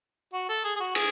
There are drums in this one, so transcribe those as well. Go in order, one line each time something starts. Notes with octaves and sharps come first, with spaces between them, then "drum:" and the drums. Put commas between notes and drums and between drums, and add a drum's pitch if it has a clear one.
F#4
A4
G#4
G#4
F#4
G#4, drum: cymbal